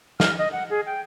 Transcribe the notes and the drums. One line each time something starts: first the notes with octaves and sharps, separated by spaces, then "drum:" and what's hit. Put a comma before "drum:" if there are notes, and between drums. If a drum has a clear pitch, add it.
F6, drum: snare
D#5
F#5
G#4
G5